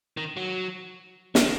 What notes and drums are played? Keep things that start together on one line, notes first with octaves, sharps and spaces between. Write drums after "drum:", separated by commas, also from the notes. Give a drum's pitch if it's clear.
D#3
F#3
D#3, drum: snare